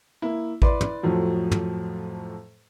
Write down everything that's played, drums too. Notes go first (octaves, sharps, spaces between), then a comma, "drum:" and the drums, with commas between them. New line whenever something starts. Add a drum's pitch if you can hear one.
A#3 E4
E4 B4 D5 C6, drum: kick A1
drum: tom
F2 A2 F3 F#3
drum: tom